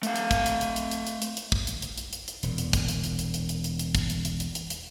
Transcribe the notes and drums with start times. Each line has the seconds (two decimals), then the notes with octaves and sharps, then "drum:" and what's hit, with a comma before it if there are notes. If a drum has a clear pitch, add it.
0.03 A3 F5, drum: hi-hat
0.16 drum: hi-hat
0.31 drum: kick, hi-hat
0.46 drum: hi-hat
0.61 drum: hi-hat
0.76 drum: hi-hat
0.91 drum: hi-hat
1.07 drum: hi-hat
1.22 drum: hi-hat
1.37 drum: hi-hat
1.52 drum: kick
1.67 drum: hi-hat
1.82 drum: hi-hat
1.98 drum: hi-hat
2.13 drum: hi-hat
2.28 drum: hi-hat
2.43 E1 A#2, drum: hi-hat
2.58 drum: hi-hat
2.73 drum: kick, hi-hat
2.88 drum: hi-hat
3.04 drum: hi-hat
3.19 drum: hi-hat
3.34 drum: hi-hat
3.49 drum: hi-hat
3.64 drum: hi-hat
3.79 drum: hi-hat
3.95 drum: kick, hi-hat
4.10 drum: hi-hat
4.25 drum: hi-hat
4.40 drum: hi-hat
4.55 drum: hi-hat
4.70 drum: hi-hat